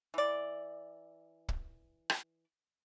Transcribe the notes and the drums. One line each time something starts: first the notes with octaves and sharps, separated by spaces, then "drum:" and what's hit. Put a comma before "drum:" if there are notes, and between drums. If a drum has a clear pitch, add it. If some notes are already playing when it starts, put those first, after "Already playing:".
E3 D5
drum: kick
drum: rim click